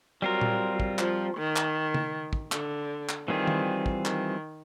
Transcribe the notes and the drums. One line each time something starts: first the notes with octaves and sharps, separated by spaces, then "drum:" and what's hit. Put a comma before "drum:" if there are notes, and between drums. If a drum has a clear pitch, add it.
F#3 G3 C4 F4 A#4
drum: tom A#2
drum: kick
F3, drum: clap
D#3
drum: clap
drum: tom C#3
drum: kick
D3, drum: clap
drum: clap
D#3 E3 G3 C4 F4 G#4
drum: tom D#3
drum: kick
D#3, drum: clap